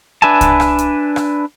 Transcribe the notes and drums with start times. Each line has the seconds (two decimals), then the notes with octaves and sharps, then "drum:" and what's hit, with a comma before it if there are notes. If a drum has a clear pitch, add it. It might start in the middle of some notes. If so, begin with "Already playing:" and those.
0.22 D4 B4 E5 G#5 A5
0.41 drum: kick C2, hi-hat
0.60 drum: rim click
0.78 drum: hi-hat
1.16 drum: rim click